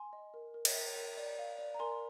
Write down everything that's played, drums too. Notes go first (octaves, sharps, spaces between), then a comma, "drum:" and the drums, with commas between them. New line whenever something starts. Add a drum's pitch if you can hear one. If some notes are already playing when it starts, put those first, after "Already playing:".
Already playing: G#5 C6
D#5
A#4
A#4
drum: cymbal
A#4
A#4
D5
F5
D5
A#5
A#4 G#5 C6